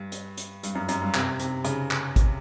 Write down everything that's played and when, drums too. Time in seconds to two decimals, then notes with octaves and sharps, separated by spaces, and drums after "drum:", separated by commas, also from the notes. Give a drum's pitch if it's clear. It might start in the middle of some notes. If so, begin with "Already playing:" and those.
Already playing: G2
0.12 drum: hi-hat
0.37 drum: hi-hat
0.63 G2, drum: hi-hat
0.75 F#2
0.89 F#2, drum: hi-hat
1.01 G2
1.14 C3, drum: clap
1.39 C3, drum: hi-hat
1.65 C#3, drum: hi-hat
1.91 drum: clap
2.16 drum: kick, hi-hat